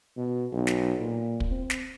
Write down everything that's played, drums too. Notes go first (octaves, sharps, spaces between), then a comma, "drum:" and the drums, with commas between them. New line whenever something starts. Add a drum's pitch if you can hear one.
B2
B1
drum: snare
A#2
drum: kick
C4
drum: snare